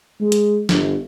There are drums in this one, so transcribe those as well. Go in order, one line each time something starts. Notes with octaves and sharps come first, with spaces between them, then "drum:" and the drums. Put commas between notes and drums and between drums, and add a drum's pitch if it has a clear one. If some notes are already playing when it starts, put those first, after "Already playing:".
G#3
drum: hi-hat
G1, drum: snare